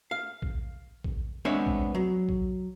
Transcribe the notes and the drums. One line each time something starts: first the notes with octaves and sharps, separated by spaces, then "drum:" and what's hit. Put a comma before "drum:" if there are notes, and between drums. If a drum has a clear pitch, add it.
F5
drum: kick A#1
drum: kick A#1
G#3 B3 C4 D4 C#5 E5
drum: kick A#1
F#3
drum: kick A#1